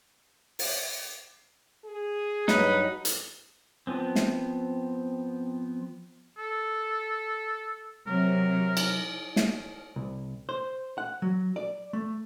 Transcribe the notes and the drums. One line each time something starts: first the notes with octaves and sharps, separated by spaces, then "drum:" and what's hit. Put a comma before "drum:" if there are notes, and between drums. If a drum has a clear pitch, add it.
drum: open hi-hat
G#4
G2 F#3 D#4 B4, drum: snare
drum: hi-hat
F3 B3 C4
drum: snare
A4
C3 F#3 A#4
drum: cymbal
drum: snare
C2
C5
F#5
F#3
D5
A3